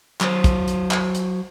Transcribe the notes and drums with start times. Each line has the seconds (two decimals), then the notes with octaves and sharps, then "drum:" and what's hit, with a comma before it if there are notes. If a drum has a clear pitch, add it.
0.21 F#3 C5, drum: clap
0.44 drum: kick, hi-hat
0.68 drum: hi-hat
0.91 drum: clap
1.15 drum: hi-hat